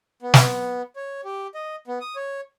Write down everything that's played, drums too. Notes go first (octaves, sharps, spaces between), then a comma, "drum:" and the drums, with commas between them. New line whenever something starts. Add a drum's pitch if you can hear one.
B3
drum: snare
C#5
G4
D#5
B3
D#6
C#5